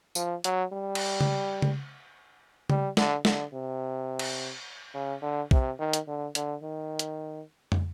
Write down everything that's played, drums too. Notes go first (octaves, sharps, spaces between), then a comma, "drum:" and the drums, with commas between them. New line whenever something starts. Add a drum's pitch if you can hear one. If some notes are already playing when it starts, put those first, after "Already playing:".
F3, drum: tambourine
F#3, drum: hi-hat
G3
drum: cymbal
drum: tom C#3
drum: tom C#3
G3, drum: tom C#3
D3, drum: snare
D3, drum: snare
C3
drum: cymbal
C#3
D3
C3, drum: kick
D#3
drum: hi-hat
D3
D3, drum: hi-hat
D#3
drum: hi-hat
drum: tom